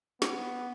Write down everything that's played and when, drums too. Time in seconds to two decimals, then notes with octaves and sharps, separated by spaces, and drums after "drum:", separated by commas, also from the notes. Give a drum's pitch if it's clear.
0.22 B3, drum: snare